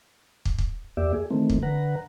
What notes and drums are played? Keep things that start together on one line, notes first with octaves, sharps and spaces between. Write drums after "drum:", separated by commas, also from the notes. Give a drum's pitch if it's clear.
drum: kick
drum: kick
E2 A#3 G4 D5 E5
G#4
D#3 E3 A3 A#3 C4
drum: kick
D3 B4 F#5 A#5